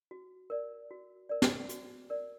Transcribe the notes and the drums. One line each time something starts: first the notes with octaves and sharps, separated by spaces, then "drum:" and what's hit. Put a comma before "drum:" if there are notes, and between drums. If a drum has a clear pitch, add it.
F#4
A#4 D5
F#4
A#4 D5
drum: snare
F#4, drum: hi-hat
A#4 D5